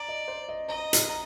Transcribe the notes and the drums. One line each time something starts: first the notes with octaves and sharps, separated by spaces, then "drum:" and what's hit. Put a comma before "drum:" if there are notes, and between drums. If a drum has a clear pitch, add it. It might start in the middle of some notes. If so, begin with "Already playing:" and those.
Already playing: D5 A#5
D#5
C5
D#5
D#5 A#5
drum: hi-hat
A#5